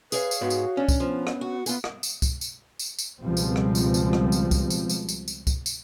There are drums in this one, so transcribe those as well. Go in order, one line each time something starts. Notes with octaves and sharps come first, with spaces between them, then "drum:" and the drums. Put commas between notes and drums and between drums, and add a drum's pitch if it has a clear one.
G#4 B4 C#5 F5, drum: tambourine
drum: tambourine
G#2 G#3 B3 F#4
drum: tambourine
C#4 D4
drum: kick, tambourine
F3 B3
drum: rim click
F#4
B3 F4 G#4, drum: tambourine
drum: rim click
drum: tambourine
drum: kick, tambourine
drum: tambourine
drum: tambourine
drum: tambourine
C#2 B2 F3 G3 C4
drum: tambourine
drum: rim click
drum: tambourine
drum: tambourine
drum: rim click
drum: tambourine
drum: kick, tambourine
drum: tambourine
drum: tambourine
drum: tambourine
drum: tambourine
drum: kick, tambourine
drum: tambourine